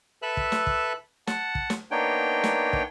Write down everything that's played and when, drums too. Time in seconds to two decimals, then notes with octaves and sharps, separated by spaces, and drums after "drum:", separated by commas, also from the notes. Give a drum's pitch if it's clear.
0.22 A4 B4 E5 E6 F#6
0.37 drum: kick
0.52 drum: snare
0.67 drum: kick
1.27 F#5 A5, drum: snare
1.55 drum: kick
1.70 drum: snare
1.91 A#3 B3 D4 D#4 C#5 G5
2.44 drum: snare
2.73 drum: kick